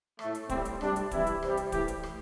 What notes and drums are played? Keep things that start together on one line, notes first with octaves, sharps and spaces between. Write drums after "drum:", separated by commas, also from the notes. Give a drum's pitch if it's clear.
A2 A3, drum: rim click
drum: hi-hat
A2 G3 C4, drum: kick, hi-hat
drum: hi-hat
C3 G3 D4, drum: rim click
drum: hi-hat
C3 E3 G3 E4, drum: kick, hi-hat
drum: hi-hat
C3 G3, drum: rim click
drum: hi-hat
A2 E3 A3 G4, drum: kick, hi-hat
drum: hi-hat
drum: rim click